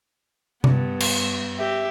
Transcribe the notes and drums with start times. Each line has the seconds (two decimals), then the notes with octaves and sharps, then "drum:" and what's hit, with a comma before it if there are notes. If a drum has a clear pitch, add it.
0.64 G2 B3, drum: tom C3
1.00 drum: cymbal
1.59 G4 E5